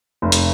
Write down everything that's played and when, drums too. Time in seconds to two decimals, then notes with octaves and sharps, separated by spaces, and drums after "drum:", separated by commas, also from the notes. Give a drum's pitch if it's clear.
0.22 F1
0.32 drum: hi-hat